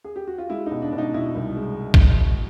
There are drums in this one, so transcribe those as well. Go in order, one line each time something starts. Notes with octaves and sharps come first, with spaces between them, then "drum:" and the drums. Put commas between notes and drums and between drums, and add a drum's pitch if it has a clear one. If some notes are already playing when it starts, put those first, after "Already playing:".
G#4
G4
F#4
F4
G#3 E4
B2 D#4
D4
B2 D4
D#4
B2 E4
C2
G#3
drum: kick A#1